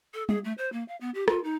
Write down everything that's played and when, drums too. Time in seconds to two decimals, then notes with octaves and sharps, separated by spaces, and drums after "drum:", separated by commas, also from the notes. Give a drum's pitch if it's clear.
0.14 A4
0.29 G#4, drum: tom G3
0.44 A3
0.58 C5
0.72 A#3
0.88 F5
1.01 B3
1.15 G4
1.28 F4, drum: rim click
1.44 D#4